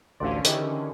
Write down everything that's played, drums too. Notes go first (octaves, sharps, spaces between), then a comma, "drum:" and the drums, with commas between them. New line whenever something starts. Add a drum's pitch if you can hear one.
A1 D2 D3 C#4 D5 F5 C6
D#3 E3 G4 D#5, drum: hi-hat